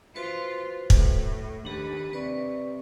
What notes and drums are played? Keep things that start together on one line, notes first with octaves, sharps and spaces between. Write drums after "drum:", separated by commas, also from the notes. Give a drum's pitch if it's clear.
F4 F#4 B4 C5
A2, drum: kick
D#2 D4 G4 B4
C3 B4 D5 C#6